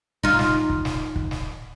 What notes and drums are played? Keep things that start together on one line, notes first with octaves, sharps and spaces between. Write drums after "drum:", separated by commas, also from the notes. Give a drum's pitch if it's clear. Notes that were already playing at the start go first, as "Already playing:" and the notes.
D#4 F4, drum: kick
drum: snare
drum: kick
drum: snare
drum: kick
drum: snare